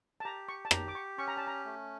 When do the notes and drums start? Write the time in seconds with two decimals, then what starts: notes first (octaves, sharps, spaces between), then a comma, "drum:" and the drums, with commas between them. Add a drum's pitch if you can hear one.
0.20 A5
0.24 G4 A#5
0.49 C#6
0.65 A5
0.71 G4 A#5, drum: rim click
0.88 D6
0.95 C#6
1.18 C#4 C#6
1.28 A#5
1.37 A5
1.47 A#5
1.65 A3